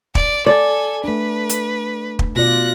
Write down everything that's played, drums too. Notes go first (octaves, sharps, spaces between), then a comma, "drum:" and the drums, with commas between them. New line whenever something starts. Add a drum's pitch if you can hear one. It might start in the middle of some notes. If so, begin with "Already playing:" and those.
D5, drum: kick
A4 D5 G#5
A3 D4 B4
drum: hi-hat
drum: kick
B2 F4 D5 F#6 A#6